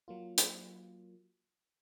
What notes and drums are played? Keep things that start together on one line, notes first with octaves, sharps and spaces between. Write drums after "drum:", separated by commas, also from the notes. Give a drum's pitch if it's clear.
F#3 A#3 F4
drum: hi-hat